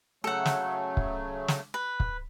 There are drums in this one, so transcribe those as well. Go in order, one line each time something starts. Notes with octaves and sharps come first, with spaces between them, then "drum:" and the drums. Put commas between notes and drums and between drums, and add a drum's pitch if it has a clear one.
C#3 F#3 A3 A4 F#5
drum: snare
drum: kick
drum: snare
B4
drum: kick